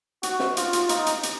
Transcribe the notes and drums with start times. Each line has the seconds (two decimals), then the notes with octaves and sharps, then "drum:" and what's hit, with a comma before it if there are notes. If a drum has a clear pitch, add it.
0.23 F#4, drum: hi-hat
0.39 drum: snare
0.57 F4, drum: hi-hat
0.73 drum: hi-hat
0.89 D#4, drum: hi-hat
1.06 drum: hi-hat
1.23 drum: hi-hat